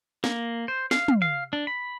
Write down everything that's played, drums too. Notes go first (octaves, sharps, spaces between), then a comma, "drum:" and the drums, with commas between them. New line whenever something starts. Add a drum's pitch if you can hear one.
A#3, drum: snare
C5
F5, drum: snare
drum: tom
F5
D4
B5